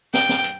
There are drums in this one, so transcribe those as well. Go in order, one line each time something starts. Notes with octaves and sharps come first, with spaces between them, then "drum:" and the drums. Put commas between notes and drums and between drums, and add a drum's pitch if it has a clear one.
G5, drum: snare
drum: snare
drum: hi-hat